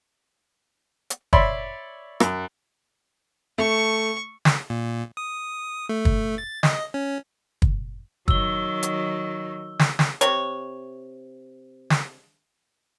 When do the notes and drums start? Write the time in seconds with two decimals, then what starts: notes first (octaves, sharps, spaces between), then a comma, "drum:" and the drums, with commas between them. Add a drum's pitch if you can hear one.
1.10 drum: hi-hat
1.33 C#5 D5 E5 B5 C6, drum: kick
2.20 F#2, drum: rim click
3.58 A3 C#6
4.45 drum: snare
4.70 A#2
5.17 D#6
5.89 A3
6.05 drum: kick
6.38 A6
6.63 D#5, drum: snare
6.94 C#4
7.62 drum: kick
8.28 D#3 F#3 E6 G7, drum: kick
8.83 drum: hi-hat
9.79 drum: snare
9.99 drum: snare
10.21 C3 C#5, drum: hi-hat
11.90 drum: snare